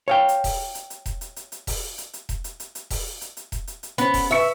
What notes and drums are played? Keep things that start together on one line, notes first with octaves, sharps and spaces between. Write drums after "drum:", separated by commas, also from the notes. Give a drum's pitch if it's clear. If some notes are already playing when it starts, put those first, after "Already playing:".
C#5 F5 G5
drum: hi-hat
drum: kick E1, open hi-hat
drum: hi-hat
drum: hi-hat
drum: kick E1, hi-hat
drum: hi-hat
drum: hi-hat
drum: hi-hat
drum: kick E1, open hi-hat
drum: hi-hat
drum: hi-hat
drum: kick E1, hi-hat
drum: hi-hat
drum: hi-hat
drum: hi-hat
drum: kick E1, open hi-hat
drum: hi-hat
drum: hi-hat
drum: kick E1, hi-hat
drum: hi-hat
drum: hi-hat
B3 C#4 C5, drum: hi-hat
drum: kick E1, open hi-hat
B4 E5 C#6 C#7